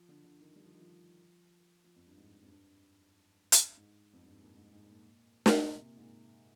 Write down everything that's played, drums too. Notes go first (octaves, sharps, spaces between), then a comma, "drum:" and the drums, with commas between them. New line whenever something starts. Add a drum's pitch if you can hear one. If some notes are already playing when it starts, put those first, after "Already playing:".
Already playing: F3
D3
D3
D#3
G3
F3
D#3
F3
F3
F2
G2
G#2
F2
G2
drum: hi-hat
G#2
F2
G2
G#2
A#2
G#2
G#2
A#2
drum: snare
A#2
C3
A#2
G#2
A#2